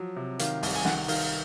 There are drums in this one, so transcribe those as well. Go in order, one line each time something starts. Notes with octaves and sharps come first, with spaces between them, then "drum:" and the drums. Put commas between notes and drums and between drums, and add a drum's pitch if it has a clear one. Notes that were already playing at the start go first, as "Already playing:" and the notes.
Already playing: F3 F#3
C3
D#3 F5, drum: hi-hat
C2, drum: open hi-hat
G#5
D#3 F#5, drum: snare
D#3 F5, drum: open hi-hat